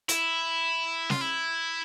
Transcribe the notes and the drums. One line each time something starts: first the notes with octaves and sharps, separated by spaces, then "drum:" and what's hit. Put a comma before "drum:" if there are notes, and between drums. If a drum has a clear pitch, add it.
E4, drum: hi-hat
F4, drum: snare
E4